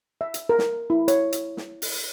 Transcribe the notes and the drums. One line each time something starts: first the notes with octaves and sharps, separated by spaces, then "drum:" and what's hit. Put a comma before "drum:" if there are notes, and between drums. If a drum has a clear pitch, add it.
E5
drum: hi-hat
A#4
drum: snare
E4
C#5, drum: hi-hat
drum: hi-hat
drum: snare
drum: open hi-hat